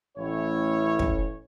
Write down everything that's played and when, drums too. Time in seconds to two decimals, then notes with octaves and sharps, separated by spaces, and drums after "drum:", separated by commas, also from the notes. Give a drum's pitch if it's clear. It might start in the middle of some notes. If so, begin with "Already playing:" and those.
0.17 A1 A2 C#4 E4 C#5
0.99 drum: kick